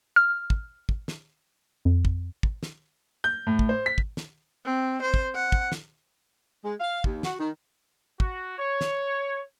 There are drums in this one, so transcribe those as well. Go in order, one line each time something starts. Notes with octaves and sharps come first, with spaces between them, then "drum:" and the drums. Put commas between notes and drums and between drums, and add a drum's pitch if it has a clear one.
F6
drum: kick
drum: kick
drum: snare
F2
drum: kick
drum: kick
drum: snare
G6
A2
drum: kick
C5
B6
drum: kick
drum: snare
C4
C5
drum: kick
F#5
drum: kick
drum: snare
G#3
F5
D#2, drum: kick
F#4, drum: snare
D#3
F#4, drum: kick
C#5
drum: snare